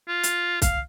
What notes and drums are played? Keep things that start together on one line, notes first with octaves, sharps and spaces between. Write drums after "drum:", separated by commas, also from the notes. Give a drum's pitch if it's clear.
F4
drum: hi-hat
F5, drum: kick C2, hi-hat